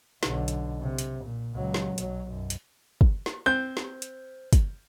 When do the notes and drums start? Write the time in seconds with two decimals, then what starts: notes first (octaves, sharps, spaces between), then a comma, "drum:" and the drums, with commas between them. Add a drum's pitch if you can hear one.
0.23 B1 D3, drum: snare
0.48 drum: hi-hat
0.80 C3
0.98 drum: hi-hat
1.24 A#2
1.54 C#2 F#3
1.74 drum: snare
1.98 B1 F#3, drum: hi-hat
2.28 B1 F#2
2.50 drum: hi-hat
3.01 drum: kick
3.26 drum: snare
3.46 C4 G6
3.77 drum: snare
4.02 drum: hi-hat
4.53 drum: kick, hi-hat